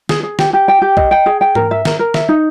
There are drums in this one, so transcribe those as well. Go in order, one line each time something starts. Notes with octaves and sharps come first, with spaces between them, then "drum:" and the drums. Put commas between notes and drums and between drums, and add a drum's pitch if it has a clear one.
G#4, drum: snare
G#4
G4, drum: snare
G4
G5
G4
D#5, drum: kick
G5
G#4
G5
A#4, drum: tom
E5
A#4, drum: snare
A#4
E5, drum: snare
D#4